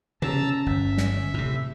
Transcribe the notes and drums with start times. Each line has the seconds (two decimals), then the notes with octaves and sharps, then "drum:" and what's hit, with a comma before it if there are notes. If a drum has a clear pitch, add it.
0.22 C#3 C#4 A5 A#5 E6, drum: tom
0.66 G1 E5
0.98 drum: snare
1.34 A2 C3